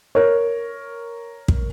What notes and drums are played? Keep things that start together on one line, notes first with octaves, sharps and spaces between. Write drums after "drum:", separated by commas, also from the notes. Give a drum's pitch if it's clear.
A#4 C#5
drum: kick